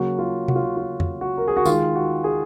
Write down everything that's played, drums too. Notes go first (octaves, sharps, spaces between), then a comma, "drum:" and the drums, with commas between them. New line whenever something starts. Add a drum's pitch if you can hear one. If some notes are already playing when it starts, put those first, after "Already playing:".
Already playing: C#3 F#3 A#3 F#4
F4
F#4, drum: tom C3
F4
F#4
F4
drum: tom F2
F#4
A#4
G#4
F#4
D#3 G#3 F4, drum: tambourine
F#4
G#4